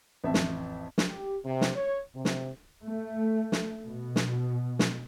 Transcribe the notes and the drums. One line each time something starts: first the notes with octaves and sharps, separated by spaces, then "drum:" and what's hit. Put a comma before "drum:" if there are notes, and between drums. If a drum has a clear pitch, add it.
A1 F2 E5 A5
drum: snare
drum: snare
G4
C3
drum: snare
C#5
C3
drum: snare
A3
drum: snare
B2
drum: snare
drum: snare